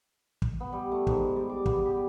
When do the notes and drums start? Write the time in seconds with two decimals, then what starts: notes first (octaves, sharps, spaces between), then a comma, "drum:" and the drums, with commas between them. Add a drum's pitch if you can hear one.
0.42 drum: kick
0.60 B3
0.73 G3
0.92 A3
1.07 G#2, drum: kick
1.36 G3
1.49 D6
1.66 B3, drum: kick
1.86 G4